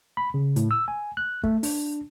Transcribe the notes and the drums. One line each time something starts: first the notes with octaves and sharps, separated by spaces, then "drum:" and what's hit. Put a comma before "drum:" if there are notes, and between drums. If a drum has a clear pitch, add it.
B5
C#3
A2, drum: hi-hat
E6
G#5
F#6
A3, drum: kick
D4, drum: open hi-hat